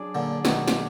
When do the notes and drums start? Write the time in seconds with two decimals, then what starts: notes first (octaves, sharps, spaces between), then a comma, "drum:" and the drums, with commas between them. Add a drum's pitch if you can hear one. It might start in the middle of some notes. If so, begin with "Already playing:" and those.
Already playing: F#3 D4 G#4 D5
0.15 A#2 D3
0.45 B2 D#3, drum: snare
0.68 drum: snare